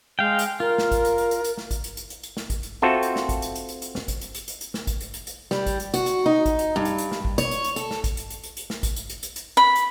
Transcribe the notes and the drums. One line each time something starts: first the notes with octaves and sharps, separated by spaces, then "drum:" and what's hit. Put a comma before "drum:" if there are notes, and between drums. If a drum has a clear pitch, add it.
G#3 F5 G5
drum: hi-hat
F4 A#4
drum: snare
drum: kick G#1, hi-hat
drum: hi-hat
drum: hi-hat
drum: hi-hat
drum: hi-hat
drum: snare
drum: kick G#1, hi-hat
drum: hi-hat
drum: hi-hat
drum: hi-hat
drum: hi-hat
drum: snare
drum: kick G#1, hi-hat
drum: hi-hat
C4 F4 F#4 A4 E5
drum: hi-hat
drum: snare
drum: kick G#1, hi-hat
drum: hi-hat
drum: hi-hat
drum: hi-hat
drum: hi-hat
drum: snare
drum: kick G#1, hi-hat
drum: hi-hat
drum: hi-hat
drum: hi-hat
drum: hi-hat
drum: snare
drum: kick G#1, hi-hat
drum: hi-hat
drum: hi-hat
drum: hi-hat
G3, drum: snare
drum: kick G#1, hi-hat
drum: hi-hat
F#4, drum: hi-hat
drum: hi-hat
D#4
drum: kick G#1, hi-hat
drum: hi-hat
G2
drum: hi-hat
drum: hi-hat
drum: snare
drum: kick G#1
C#5, drum: hi-hat
drum: hi-hat
drum: hi-hat
A4, drum: hi-hat
drum: snare
drum: kick G#1, hi-hat
drum: hi-hat
drum: hi-hat
drum: hi-hat
drum: hi-hat
drum: snare
drum: kick G#1, hi-hat
drum: hi-hat
drum: hi-hat
drum: hi-hat
drum: hi-hat
B5
drum: hi-hat